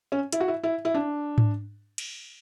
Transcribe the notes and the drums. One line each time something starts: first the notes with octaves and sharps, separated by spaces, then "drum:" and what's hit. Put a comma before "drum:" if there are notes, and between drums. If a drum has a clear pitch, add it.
C#4
E4, drum: hi-hat
F#4
E4
E4
E4
D4
drum: tom G#2
drum: cymbal